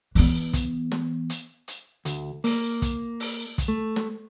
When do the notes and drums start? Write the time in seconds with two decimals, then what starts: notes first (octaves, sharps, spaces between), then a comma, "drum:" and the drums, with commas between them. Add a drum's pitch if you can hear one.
0.15 E3 B3, drum: open hi-hat
0.53 drum: kick, hi-hat
0.92 drum: snare
1.30 drum: hi-hat
1.68 drum: hi-hat
2.05 D2, drum: hi-hat
2.44 A#3, drum: open hi-hat
2.82 drum: kick, hi-hat
3.20 drum: open hi-hat
3.58 drum: kick, hi-hat
3.68 A3
3.96 drum: snare